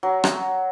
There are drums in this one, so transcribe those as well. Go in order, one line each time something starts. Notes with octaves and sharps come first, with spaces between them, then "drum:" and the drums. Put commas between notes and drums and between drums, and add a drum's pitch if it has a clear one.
F#3
drum: rim click